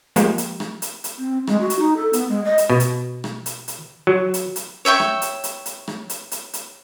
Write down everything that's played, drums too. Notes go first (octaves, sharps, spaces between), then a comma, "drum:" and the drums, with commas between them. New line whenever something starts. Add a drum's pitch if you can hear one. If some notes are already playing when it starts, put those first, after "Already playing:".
F3 G#3 A#3 G4, drum: hi-hat
drum: hi-hat
drum: rim click
drum: hi-hat
drum: hi-hat
C4
G#3, drum: rim click
F#4
drum: hi-hat
D#4
A4
B3, drum: hi-hat
G#3
D#5
drum: hi-hat
B2
drum: hi-hat
drum: rim click
drum: hi-hat
drum: hi-hat
F#3
drum: hi-hat
drum: hi-hat
C#5 E5 G5 C#6
drum: rim click
drum: hi-hat
drum: hi-hat
drum: hi-hat
drum: rim click
drum: hi-hat
drum: hi-hat
drum: hi-hat